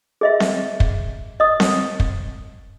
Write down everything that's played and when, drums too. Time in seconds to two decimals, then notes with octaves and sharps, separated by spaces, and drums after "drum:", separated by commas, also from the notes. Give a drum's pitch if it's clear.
0.21 G#4 D#5 E5
0.40 drum: snare C4
0.80 drum: kick
1.40 D#5 D#6
1.60 drum: snare C4
2.00 drum: kick